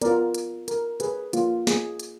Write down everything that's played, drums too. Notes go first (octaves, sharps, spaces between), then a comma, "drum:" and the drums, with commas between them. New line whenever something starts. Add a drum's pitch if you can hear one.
B3 F4 A#4 D5, drum: hi-hat
drum: hi-hat
A#4, drum: hi-hat
G#4 B4, drum: hi-hat
A#3 F4, drum: hi-hat
G#4, drum: snare
drum: hi-hat